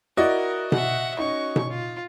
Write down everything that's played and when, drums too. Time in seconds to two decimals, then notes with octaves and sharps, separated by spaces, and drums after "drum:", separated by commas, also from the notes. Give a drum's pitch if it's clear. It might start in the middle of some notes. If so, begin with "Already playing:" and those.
0.17 E4 F#4 A#4 D5 D#5
0.72 E5 F#5, drum: tom B2
1.19 C#4 D#4 C#6
1.56 drum: tom B2
1.69 F4